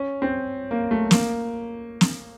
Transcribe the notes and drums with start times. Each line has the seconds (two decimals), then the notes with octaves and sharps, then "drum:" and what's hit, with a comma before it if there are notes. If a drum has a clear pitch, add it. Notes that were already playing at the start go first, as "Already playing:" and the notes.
Already playing: C#4
0.22 C4
0.71 A#3
0.91 A3
1.11 A#3, drum: snare
2.01 drum: snare